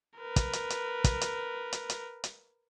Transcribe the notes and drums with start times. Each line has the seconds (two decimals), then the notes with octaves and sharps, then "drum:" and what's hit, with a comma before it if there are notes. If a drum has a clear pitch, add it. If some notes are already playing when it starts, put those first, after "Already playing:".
0.19 A#4 B4
0.36 drum: kick, hi-hat
0.53 drum: hi-hat
0.70 drum: hi-hat
1.04 drum: kick, hi-hat
1.21 drum: hi-hat
1.73 drum: hi-hat
1.90 drum: hi-hat
2.24 drum: hi-hat